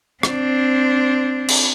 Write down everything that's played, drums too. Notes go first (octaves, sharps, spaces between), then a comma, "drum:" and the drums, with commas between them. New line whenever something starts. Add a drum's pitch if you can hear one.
C4 D4, drum: rim click
drum: cymbal